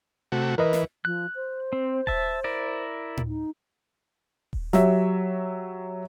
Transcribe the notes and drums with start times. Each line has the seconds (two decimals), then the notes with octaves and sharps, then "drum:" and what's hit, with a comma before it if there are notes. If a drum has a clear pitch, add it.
0.32 C3 A3 F#4
0.58 E3 A#4 B4 D#5
0.73 drum: snare
1.05 F3 F#6
1.35 C5
1.73 C4
2.07 E5 A5, drum: kick D#1
2.44 E4 A#4 D5
3.17 drum: tom A2
3.27 D#4
4.53 drum: kick D#1
4.73 F#3 G4 E5, drum: snare